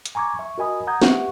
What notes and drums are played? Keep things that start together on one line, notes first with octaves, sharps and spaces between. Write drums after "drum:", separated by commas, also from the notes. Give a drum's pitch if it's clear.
drum: hi-hat
G#5 A#5 C#6 D6 G#6
E5 C#6
F#4 A#4 D#5 G#5 B5 D#6
F#5 A#5 D#6 G6 G#6
G4 B4 E5 F#5 C#6, drum: snare